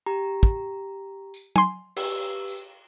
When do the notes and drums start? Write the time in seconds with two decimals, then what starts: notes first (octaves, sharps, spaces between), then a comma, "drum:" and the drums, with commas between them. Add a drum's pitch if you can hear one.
0.06 G4 A#5
0.43 drum: kick
1.34 drum: tambourine
1.56 G#5 C6, drum: tom
1.96 G4 B4 E6, drum: cymbal
2.48 drum: tambourine